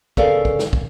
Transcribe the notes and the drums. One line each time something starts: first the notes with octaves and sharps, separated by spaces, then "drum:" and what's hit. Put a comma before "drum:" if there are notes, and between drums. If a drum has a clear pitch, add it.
C#3 B3 A4 A#4 D5 F5, drum: kick
drum: kick
drum: snare
drum: kick